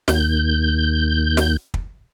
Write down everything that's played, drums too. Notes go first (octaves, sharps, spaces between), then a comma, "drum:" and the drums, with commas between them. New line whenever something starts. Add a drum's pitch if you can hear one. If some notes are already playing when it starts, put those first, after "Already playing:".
D#2 G6, drum: snare
drum: snare
drum: kick